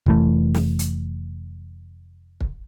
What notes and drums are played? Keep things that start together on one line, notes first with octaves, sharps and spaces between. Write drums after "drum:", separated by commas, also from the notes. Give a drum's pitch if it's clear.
F1 E3 A3, drum: kick
drum: snare
drum: hi-hat
drum: kick